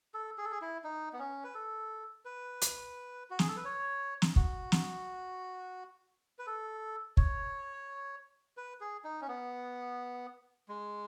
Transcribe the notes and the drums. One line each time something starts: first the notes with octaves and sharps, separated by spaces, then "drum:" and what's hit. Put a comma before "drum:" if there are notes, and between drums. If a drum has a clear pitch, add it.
A4
G#4
A4
G#4
E4
D#4
B3
C#4
B4
A4
B4
drum: hi-hat
F#4
G#4, drum: snare
A4
B4
C#5
drum: snare
F#4, drum: kick
drum: snare
B4
A4
C#5, drum: kick
B4
G#4
D#4
C#4
B3
G#3